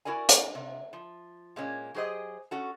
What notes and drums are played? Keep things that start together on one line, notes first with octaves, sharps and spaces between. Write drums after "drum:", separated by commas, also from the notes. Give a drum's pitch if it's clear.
E4 F#4 A#4 D5 G#5
drum: hi-hat
C3
F3
A#2 G#3 A#3 C#4
F#3 G4 G#4 C5 D#5
C#4 F#4 A4